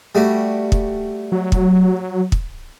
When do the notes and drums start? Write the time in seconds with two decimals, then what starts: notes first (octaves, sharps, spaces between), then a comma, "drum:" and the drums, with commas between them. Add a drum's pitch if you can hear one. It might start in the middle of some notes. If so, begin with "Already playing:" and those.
0.15 G3 A3 F#4
0.72 drum: kick
1.32 F#3
1.52 drum: kick
2.32 drum: kick